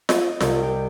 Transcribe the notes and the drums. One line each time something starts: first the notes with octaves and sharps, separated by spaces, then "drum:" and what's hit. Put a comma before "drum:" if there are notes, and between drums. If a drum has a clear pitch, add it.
D#5, drum: snare F4
C2, drum: snare F4
G4